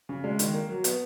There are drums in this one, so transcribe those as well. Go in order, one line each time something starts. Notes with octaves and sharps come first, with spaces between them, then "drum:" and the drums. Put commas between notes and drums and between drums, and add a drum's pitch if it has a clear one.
C#3
G#3
D#3, drum: hi-hat
A#3
F#3
B3, drum: hi-hat